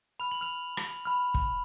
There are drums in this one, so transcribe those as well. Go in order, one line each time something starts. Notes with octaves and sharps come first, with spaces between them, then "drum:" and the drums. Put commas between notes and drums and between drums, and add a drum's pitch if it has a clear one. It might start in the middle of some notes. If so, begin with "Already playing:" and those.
B5 F6 F7
F#7
F6 F7
drum: rim click
B5 F6
drum: kick